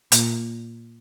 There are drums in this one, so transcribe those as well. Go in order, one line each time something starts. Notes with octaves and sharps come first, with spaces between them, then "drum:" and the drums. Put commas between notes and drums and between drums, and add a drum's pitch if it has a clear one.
A#2, drum: hi-hat